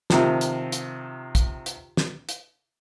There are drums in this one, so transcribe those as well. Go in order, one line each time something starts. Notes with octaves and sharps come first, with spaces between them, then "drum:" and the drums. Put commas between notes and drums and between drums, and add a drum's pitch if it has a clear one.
C3 D#3 F3, drum: snare
drum: hi-hat
drum: hi-hat
drum: kick, hi-hat
drum: hi-hat
drum: snare
drum: hi-hat